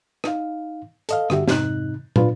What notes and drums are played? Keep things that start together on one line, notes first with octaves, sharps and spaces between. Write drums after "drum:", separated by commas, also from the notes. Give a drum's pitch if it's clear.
D#4 F5, drum: rim click
A4 D#5 F5, drum: hi-hat
G2 D3 F#4 G4 E5, drum: rim click
F2 G#2 C3 D#4 F#6, drum: snare
D4 F4 B4, drum: tom